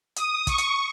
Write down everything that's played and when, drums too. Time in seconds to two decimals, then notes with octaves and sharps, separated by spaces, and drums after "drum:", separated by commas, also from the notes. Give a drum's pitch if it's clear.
0.16 D#6, drum: hi-hat
0.47 C#6, drum: kick, hi-hat
0.58 drum: hi-hat